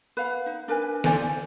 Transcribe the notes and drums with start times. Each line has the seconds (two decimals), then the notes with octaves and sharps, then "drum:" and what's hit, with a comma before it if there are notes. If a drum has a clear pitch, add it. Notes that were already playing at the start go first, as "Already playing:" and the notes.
0.17 B4 F5 F#5
0.46 D#4
0.68 D4 A#4 B4 G#5
1.04 A4 C5 D5 G#5, drum: snare